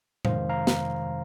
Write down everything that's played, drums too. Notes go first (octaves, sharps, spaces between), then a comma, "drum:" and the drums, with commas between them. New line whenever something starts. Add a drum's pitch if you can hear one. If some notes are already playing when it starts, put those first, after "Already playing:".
F2 C3 D#3 G#3 C5 F5, drum: tom A2
F5 A#5
drum: snare